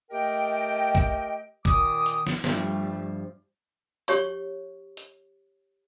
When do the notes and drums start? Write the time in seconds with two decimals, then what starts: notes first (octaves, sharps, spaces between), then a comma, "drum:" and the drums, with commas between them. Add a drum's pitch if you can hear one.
0.11 A3 G4 A#4 D#5 G5
0.95 drum: kick
1.65 A#2 D#3 D6 D#6, drum: kick
2.06 drum: hi-hat
2.27 drum: snare
2.44 G2 F3 G3 A3, drum: snare
4.08 G4 C#5 C#6, drum: hi-hat
4.97 drum: hi-hat